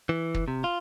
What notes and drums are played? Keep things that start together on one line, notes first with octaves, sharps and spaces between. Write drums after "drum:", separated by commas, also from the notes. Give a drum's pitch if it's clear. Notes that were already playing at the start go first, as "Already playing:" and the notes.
E3
drum: kick
C3
F4